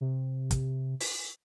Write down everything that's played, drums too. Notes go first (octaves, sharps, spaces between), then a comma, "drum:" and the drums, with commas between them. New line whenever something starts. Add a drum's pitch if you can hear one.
C3
drum: kick, hi-hat
drum: open hi-hat